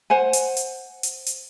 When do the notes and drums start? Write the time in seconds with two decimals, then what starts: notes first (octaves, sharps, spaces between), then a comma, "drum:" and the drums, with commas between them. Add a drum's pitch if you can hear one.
0.10 C5 F#5 G#5
0.33 drum: hi-hat
0.57 drum: hi-hat
1.03 drum: hi-hat
1.26 drum: hi-hat